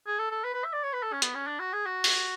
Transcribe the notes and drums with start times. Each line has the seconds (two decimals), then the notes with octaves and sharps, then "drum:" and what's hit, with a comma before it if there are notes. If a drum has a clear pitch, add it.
0.06 G#4
0.19 A4
0.31 A4
0.44 B4
0.54 B4
0.64 E5
0.73 D5
0.84 C#5
0.93 B4
1.02 A4
1.12 C#4
1.22 B3, drum: hi-hat
1.35 C#4
1.47 D4
1.59 F#4
1.73 G#4
1.86 F#4
2.04 drum: open hi-hat